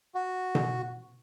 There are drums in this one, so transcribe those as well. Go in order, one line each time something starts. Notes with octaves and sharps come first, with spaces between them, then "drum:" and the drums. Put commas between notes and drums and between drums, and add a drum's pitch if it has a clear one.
F#4
drum: tom B2